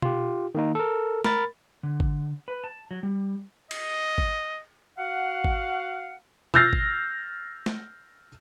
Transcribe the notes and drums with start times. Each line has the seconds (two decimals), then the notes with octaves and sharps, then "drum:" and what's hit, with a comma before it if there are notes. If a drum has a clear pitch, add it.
0.02 F4 G4, drum: tom B2
0.55 D#3 A#3 D#4
0.75 A4 A#4
1.24 A#4 B5 A6, drum: snare A3
1.83 D3
2.00 drum: kick G#1
2.48 B4
2.64 A5
2.91 F#3
3.03 G3
3.71 D#5, drum: cymbal
4.18 drum: kick G#1
4.98 F#4 F5 F#5
5.44 drum: kick G#1
6.54 E6 F6 G6 A6 A#6 C7, drum: tom B2
6.73 drum: kick G#1
7.66 drum: snare A3